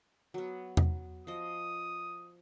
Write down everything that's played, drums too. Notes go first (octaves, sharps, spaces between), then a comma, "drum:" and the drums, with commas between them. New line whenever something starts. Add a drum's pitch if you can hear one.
F#3 B3
drum: tom E2
F3 D#5 D#6